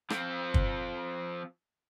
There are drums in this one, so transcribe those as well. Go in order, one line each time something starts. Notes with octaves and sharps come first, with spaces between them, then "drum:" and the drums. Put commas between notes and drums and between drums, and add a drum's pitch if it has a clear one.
F3 C4, drum: rim click
drum: kick